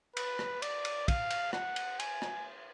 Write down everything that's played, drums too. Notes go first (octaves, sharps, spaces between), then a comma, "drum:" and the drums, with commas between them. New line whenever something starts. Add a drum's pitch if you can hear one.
B4, drum: cymbal
drum: rim click
D5, drum: cymbal
drum: cymbal
F5, drum: kick, cymbal
drum: cymbal
F#5, drum: rim click
drum: cymbal
G#5, drum: cymbal
drum: rim click